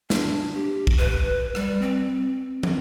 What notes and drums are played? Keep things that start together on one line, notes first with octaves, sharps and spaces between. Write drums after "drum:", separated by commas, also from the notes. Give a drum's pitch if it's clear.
D4, drum: snare
G4
drum: kick
B4
G3, drum: rim click
C4
C4, drum: tom